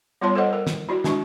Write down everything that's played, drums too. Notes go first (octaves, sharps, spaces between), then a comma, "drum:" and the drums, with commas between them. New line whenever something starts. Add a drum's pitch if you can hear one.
G3 B3 F4 C#5 A5 C6
A4 C5 D#5 F#5
A#4
drum: snare
E4 F#4 D5
G#3 D4 F#4 C#6, drum: snare